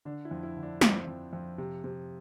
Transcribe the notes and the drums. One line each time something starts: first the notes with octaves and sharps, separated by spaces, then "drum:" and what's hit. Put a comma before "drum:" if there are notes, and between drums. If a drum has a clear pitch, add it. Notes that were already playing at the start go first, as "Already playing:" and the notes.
D3 D4
E4
F2
E4
D3
D4
F2 C4, drum: snare
F2
F2
C3
C3